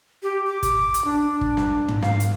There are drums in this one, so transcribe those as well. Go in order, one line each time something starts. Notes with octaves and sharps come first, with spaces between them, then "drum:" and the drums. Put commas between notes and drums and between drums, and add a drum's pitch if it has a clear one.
G4
D6
drum: kick, hi-hat
drum: hi-hat
D4
drum: kick
drum: snare
drum: tom
F5, drum: snare
drum: hi-hat